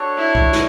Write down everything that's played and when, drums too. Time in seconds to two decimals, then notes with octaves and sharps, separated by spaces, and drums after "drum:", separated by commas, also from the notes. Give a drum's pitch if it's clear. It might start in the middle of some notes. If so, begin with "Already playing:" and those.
Already playing: D4 F#4 A4 C#5
0.17 E4
0.35 drum: kick C2
0.53 drum: snare